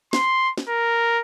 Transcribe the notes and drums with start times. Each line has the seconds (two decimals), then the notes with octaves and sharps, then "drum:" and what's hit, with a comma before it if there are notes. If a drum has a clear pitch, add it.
0.13 C6, drum: snare
0.58 drum: snare
0.68 A#4